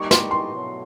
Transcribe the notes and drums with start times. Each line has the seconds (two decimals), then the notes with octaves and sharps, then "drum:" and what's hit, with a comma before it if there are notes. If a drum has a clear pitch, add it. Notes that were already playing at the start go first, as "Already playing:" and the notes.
Already playing: G3 A#3 D#4 G4 C#6
0.11 C6, drum: snare
0.31 C6
0.51 B2 F#3 A3